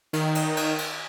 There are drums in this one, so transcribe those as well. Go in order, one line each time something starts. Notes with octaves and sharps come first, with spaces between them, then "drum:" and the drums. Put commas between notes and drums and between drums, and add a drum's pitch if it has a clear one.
D#3, drum: cymbal
drum: cymbal
drum: cymbal
drum: cymbal